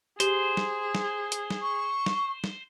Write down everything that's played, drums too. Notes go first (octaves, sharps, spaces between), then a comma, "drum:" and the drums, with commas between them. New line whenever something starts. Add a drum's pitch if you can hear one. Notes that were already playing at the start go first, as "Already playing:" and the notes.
G4 G#4 C5, drum: hi-hat
drum: snare
drum: snare
drum: hi-hat
drum: snare
C#6
drum: snare
drum: snare